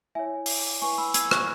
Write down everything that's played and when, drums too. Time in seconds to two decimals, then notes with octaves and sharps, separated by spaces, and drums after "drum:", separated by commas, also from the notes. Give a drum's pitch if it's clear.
0.15 E4 C#5 E5 G#5
0.46 drum: open hi-hat
0.81 E4 B4 G#5 C#6
0.98 B5 E6
1.14 E6 G#6, drum: hi-hat
1.31 C#6 F#6, drum: rim click